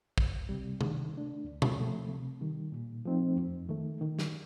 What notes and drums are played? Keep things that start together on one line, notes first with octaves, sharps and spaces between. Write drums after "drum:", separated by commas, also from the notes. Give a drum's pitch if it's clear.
D2, drum: kick
C3 G3
D#3, drum: tom C3
A3 D4
D2
drum: tom B2
C3 F3 A3
C3
D#3 G3
A#2
F3 A3 C4 D#4
F2
D#3 A3
D#3
drum: snare